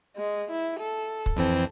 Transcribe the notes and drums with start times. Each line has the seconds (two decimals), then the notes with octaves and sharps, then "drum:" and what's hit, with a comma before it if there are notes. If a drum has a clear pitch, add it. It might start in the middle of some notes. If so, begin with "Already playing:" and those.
0.17 G#3
0.51 E4
0.80 A4
1.26 drum: kick
1.37 F2 E3 C4